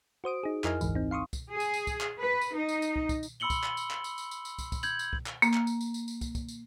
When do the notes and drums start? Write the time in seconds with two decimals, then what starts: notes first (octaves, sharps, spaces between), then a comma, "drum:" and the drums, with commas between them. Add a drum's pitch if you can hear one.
0.24 F#4 C5 D#6 D7
0.43 D#4 G#4
0.64 F2 E4 A#4 D#5 G#5 F6, drum: clap
0.81 G#1 D2 G#2 E3, drum: tambourine
0.95 C4 D#4
1.11 F5 C6 C#6 D#6
1.33 drum: kick, tambourine
1.51 G#4
1.60 drum: tambourine
1.74 drum: tambourine
1.87 drum: kick, tambourine
2.01 drum: clap
2.20 B4
2.41 drum: tambourine
2.55 D#4
2.69 drum: tambourine
2.82 drum: tambourine
2.96 drum: kick
3.09 drum: kick, tambourine
3.23 drum: tambourine
3.40 B5 C6 E6 C#7 F#7 G7
3.50 drum: kick, tambourine
3.64 drum: clap
3.77 drum: tambourine
3.91 drum: clap
4.04 drum: tambourine
4.18 drum: tambourine
4.31 drum: tambourine
4.45 drum: tambourine
4.59 drum: kick, tambourine
4.72 drum: kick, tambourine
4.83 G6 G#6 F#7, drum: tambourine
4.99 drum: tambourine
5.13 drum: kick
5.26 drum: clap
5.42 A#3, drum: tambourine
5.53 drum: clap
5.67 drum: tambourine
5.81 drum: tambourine
5.94 drum: tambourine
6.08 drum: tambourine
6.21 drum: kick, tambourine
6.35 drum: kick, tambourine
6.48 drum: tambourine